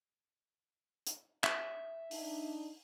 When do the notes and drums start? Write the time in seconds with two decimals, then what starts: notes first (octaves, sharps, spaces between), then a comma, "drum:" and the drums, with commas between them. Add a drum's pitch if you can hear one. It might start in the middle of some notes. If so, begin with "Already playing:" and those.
1.07 drum: hi-hat
1.44 E5, drum: clap
2.11 D4 D#4, drum: open hi-hat